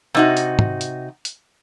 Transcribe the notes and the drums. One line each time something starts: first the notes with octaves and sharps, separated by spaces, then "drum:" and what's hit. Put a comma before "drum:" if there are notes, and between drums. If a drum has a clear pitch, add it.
C3 D#4 F#4
drum: hi-hat
drum: tom
drum: hi-hat
drum: hi-hat